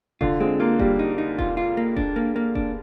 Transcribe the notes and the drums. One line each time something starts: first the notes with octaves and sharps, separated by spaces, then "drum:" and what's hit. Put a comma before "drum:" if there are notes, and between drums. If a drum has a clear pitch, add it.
D3 F4, drum: kick E1
G#3 C4
A#3 F4
G3 A#3, drum: kick E1
D#4
D#4
F4, drum: kick E1
F4
A#3
D4, drum: kick E1
A#3
A#3
D4, drum: kick E1